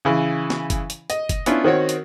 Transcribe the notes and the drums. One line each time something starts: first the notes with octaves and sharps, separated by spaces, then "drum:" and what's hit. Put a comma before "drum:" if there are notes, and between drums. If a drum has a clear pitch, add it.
C#3 E3
drum: snare
drum: kick, hi-hat
drum: hi-hat
D#5, drum: hi-hat
drum: kick, hi-hat
B3 C#4 D4 E4 F4, drum: hi-hat
D#3 C4 F#4 C#5
drum: hi-hat